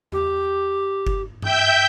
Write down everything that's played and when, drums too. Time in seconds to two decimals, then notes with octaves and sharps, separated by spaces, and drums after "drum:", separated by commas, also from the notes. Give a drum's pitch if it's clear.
0.12 G4, drum: tom E2
1.07 drum: kick F#1
1.42 E5 G5 G6, drum: tom G2